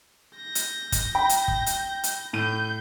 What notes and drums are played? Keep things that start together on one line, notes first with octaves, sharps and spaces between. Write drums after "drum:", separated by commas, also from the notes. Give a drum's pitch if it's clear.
G6 A#6
drum: hi-hat
drum: kick, hi-hat
G5 B5
drum: hi-hat
drum: kick
drum: hi-hat
drum: hi-hat
A2 G6 D#7